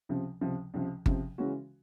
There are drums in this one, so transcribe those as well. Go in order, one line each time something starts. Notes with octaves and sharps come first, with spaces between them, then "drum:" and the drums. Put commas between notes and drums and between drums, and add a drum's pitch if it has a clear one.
C#2 C3 F3
C#2 C3 F3
C#2 C3 F3
C#2 C3 F3, drum: kick G1
C#3 E3 G#3 C#4 F#4